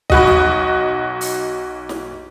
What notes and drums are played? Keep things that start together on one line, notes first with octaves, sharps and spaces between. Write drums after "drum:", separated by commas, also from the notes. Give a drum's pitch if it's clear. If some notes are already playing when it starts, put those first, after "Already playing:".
B1 F#4 D#5, drum: kick
drum: tom D#2
drum: open hi-hat
drum: snare